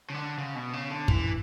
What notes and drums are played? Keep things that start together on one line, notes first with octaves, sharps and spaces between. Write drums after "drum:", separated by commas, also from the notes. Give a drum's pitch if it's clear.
C#3
D3
C#3
B2
C#3
D3
E3, drum: kick